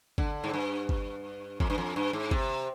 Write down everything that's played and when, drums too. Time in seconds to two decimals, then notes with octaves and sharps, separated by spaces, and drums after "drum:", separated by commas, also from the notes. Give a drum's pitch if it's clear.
0.18 D3, drum: kick G1
0.44 G#2
0.53 G2
0.89 drum: kick G1
1.60 F2, drum: kick G1
1.70 G2
1.78 F2
1.96 G2
2.13 G#2
2.31 C3, drum: kick G1